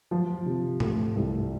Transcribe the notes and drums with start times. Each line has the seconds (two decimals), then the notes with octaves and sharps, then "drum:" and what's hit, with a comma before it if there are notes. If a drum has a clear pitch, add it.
0.11 F3
0.46 C3
0.80 A3, drum: tom G#2
1.16 C2